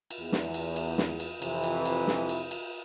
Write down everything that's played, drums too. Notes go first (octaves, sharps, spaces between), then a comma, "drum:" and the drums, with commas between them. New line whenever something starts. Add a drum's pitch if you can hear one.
drum: cymbal
E2
drum: snare
drum: cymbal
drum: cymbal
drum: snare
drum: cymbal
F2 C3 E3, drum: cymbal
drum: cymbal
drum: cymbal
drum: snare
drum: cymbal
drum: cymbal